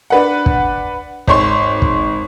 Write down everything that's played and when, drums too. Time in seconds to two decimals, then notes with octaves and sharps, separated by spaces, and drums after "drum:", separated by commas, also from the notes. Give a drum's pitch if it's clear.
0.10 D4 B4 F#5
0.46 drum: kick
1.28 G#1 C#5 C6, drum: kick
1.82 drum: kick